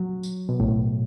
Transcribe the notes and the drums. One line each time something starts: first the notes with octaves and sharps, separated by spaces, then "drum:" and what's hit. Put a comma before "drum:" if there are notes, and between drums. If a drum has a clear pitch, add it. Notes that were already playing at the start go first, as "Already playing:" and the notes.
Already playing: F#3
drum: tambourine
B2
A2, drum: kick A1